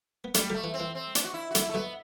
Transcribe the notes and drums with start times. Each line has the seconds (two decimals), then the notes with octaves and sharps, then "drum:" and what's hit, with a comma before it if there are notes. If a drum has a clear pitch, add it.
0.24 B3
0.34 F#3 G3 A3, drum: hi-hat
0.50 D3 F#3
0.54 A3
0.64 E3
0.74 C4
0.80 E3
0.95 C4
1.15 D4, drum: hi-hat
1.25 F#4
1.34 E4
1.51 F#4
1.55 D3 F#3 E4, drum: hi-hat
1.69 A3
1.74 D3 F#3 B3